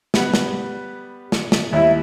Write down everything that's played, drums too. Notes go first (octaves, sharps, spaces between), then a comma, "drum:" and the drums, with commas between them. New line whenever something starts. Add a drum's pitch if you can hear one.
G3 B3, drum: snare
drum: snare
drum: snare
drum: snare
D#2 G3 E4 E5